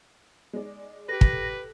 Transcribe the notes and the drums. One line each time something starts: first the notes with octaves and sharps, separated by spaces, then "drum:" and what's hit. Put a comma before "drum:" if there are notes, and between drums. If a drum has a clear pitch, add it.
G#3 D5
G4 A4 B4 A#6
drum: kick